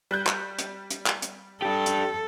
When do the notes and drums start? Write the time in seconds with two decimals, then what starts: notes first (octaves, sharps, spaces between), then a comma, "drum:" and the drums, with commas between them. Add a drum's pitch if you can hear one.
0.11 G3 F#6 G6
0.27 drum: clap
0.59 drum: hi-hat
0.90 drum: hi-hat
1.06 drum: clap
1.22 drum: hi-hat
1.62 D4 G4 A4
1.86 drum: hi-hat